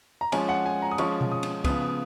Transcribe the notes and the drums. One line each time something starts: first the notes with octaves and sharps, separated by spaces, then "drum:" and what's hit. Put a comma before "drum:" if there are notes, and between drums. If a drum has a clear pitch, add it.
A#5
F3 G#3 C#4 G#5, drum: cymbal
F#5
G#5
A#5
D#6
F3 G#3 C#4 C#6, drum: cymbal
drum: tom B2
D#6
drum: cymbal
C#3 F3 B3 D#6, drum: kick C2, cymbal
D#6